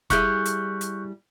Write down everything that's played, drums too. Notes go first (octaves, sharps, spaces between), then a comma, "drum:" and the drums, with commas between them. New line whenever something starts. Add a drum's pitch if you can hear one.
G3 E4 G#4 C#6 F#6 G6, drum: kick, hi-hat
drum: hi-hat
drum: hi-hat